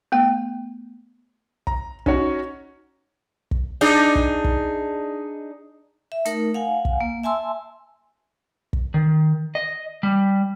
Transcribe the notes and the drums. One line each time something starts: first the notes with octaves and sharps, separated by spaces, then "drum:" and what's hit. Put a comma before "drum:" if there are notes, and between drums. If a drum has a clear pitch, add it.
A3 B3 G5
A#5, drum: kick
C#4 D#4 F#4 C#5, drum: kick
drum: kick
D4 D#4 G#4, drum: hi-hat
drum: kick
drum: kick
E5
A3 D#4 A#4, drum: hi-hat
F5 F#5 G#5
drum: kick
A#3
E5 G#5 A5 C6 E6
drum: kick
D#3
D#5
G3